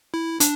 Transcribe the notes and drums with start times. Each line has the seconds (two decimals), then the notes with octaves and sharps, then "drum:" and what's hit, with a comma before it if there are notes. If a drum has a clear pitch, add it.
0.14 E4
0.40 D4, drum: hi-hat